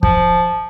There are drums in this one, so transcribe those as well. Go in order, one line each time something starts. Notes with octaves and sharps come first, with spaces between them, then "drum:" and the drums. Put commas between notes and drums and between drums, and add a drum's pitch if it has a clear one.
F3, drum: kick